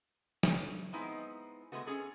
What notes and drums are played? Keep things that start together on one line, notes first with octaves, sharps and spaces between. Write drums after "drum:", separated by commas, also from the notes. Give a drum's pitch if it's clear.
drum: snare
G#3 B3 C4 D#4 E4
G#3 A3 B3 F#4
C#4 G#4 A4